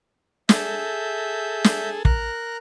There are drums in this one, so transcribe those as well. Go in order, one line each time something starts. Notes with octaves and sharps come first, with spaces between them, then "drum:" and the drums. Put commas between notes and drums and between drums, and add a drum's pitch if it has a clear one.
G#4 A4 E5 G6, drum: snare
drum: snare
A#4 A#5 F#6, drum: kick